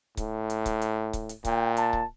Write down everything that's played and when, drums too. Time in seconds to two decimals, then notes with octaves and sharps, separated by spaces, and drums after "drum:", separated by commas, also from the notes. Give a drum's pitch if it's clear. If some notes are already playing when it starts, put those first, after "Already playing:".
0.17 A2, drum: kick C#1, hi-hat
0.50 drum: hi-hat
0.66 drum: kick C#1, hi-hat
0.81 drum: hi-hat
1.13 drum: kick C#1, hi-hat
1.29 drum: hi-hat
1.45 A#2 G5, drum: kick C#1, hi-hat
1.77 A5, drum: hi-hat
1.93 drum: kick C#1